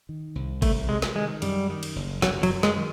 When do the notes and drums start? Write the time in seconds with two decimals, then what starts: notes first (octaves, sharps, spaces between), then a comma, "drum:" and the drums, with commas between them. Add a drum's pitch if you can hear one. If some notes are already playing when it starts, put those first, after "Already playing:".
0.09 D#3
0.35 C2
0.62 C2 A3, drum: kick G#1, cymbal
0.89 C3 G#3
1.02 drum: snare
1.15 D#3 G#3
1.42 F#2 G3, drum: cymbal
1.70 D#3
1.83 drum: cymbal
1.96 F#1
2.22 F#1 F#3, drum: snare
2.43 F#3, drum: cymbal
2.50 F#2
2.63 G#3, drum: snare
2.77 D#3